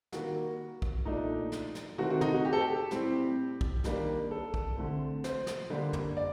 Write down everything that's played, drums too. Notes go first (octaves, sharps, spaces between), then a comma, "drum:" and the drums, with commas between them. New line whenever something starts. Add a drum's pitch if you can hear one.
D#3 G3 A#3 F#4, drum: snare
drum: kick B1
A#2 A3 D4 D#4
drum: snare
drum: snare
D#3 A3 C4 F#4
F#4
D#4, drum: tom
F#4
G4
A4
G4
A2 G3 C4, drum: snare
drum: kick B1
D#3 G3 A#3 D4, drum: snare
A4
drum: kick B1
D3 A3 C4
C5, drum: snare
drum: snare
D3 G3 A#3 D4
drum: tom
D5